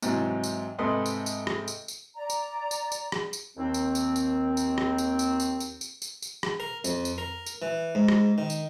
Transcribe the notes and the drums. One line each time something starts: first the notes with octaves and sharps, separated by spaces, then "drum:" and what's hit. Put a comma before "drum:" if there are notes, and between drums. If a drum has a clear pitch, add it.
G#2 C3 E3 F#3, drum: tambourine
drum: tambourine
G#2 C3 A4 B4 D#5 C6
drum: tambourine
drum: tambourine
drum: rim click
drum: tambourine
drum: tambourine
D5 A#5
drum: tambourine
drum: tambourine
drum: tambourine
drum: rim click
drum: tambourine
D#2 C4
drum: tambourine
drum: tambourine
drum: tambourine
drum: tambourine
drum: rim click
drum: tambourine
drum: tambourine
drum: tambourine
drum: tambourine
drum: tambourine
drum: tambourine
drum: tambourine
drum: rim click
A#4
F2, drum: tambourine
drum: tambourine
A#4
drum: tambourine
E3
G#2
drum: rim click
D#3
drum: tambourine